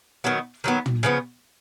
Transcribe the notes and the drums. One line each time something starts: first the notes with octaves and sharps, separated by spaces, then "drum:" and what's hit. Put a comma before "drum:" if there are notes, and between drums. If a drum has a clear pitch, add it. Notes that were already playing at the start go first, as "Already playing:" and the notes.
D#3 F#3 B3
D#3 F#3 B3
drum: tom
C#3 F3 B3